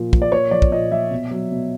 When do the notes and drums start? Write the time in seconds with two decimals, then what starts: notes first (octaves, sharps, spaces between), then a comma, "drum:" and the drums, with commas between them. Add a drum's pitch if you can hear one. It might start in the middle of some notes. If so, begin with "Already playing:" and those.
Already playing: A#2 F3
0.13 F3, drum: kick
0.22 D5
0.32 A#2 C#5
0.51 F3 D5
0.62 drum: kick
0.71 A#2 D#5
0.91 F3 E5
1.11 B2
1.31 F#3
1.52 B2